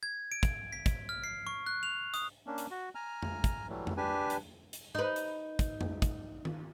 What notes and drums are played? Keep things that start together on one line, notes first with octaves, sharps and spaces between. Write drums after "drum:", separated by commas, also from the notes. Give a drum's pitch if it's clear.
G#6
D7
drum: kick, hi-hat
B6
drum: kick, hi-hat
F6
C7
C#6
F#6
F7
D#6, drum: hi-hat
A#3 C#4 D4
drum: hi-hat
F#4
G#5 A#5 F6
drum: tom F2
drum: kick, hi-hat
E3 F#3 G3 A3
drum: tom F2
D4 G4 B4 G#5
drum: hi-hat
drum: hi-hat
D#4 B4
drum: hi-hat
drum: kick, hi-hat
drum: tom F2
drum: kick, hi-hat
drum: tom D#3